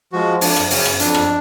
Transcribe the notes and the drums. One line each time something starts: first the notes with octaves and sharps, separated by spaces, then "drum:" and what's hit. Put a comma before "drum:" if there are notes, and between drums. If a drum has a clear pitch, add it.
F3 G#3 F#4
F2 D4, drum: open hi-hat
drum: rim click
C#3 F#3 C#4, drum: open hi-hat
drum: rim click
F2 D4, drum: hi-hat
drum: rim click